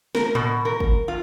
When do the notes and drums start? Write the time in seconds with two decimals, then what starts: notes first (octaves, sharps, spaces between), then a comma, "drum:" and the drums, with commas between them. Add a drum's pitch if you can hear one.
0.15 A#4, drum: snare
0.35 B2, drum: tom A2
0.65 A#4
0.80 drum: kick
1.08 F4